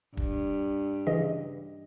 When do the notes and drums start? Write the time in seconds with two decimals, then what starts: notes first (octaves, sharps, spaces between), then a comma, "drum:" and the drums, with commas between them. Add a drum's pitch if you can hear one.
0.17 G2, drum: kick
1.07 C#3 E3 D#5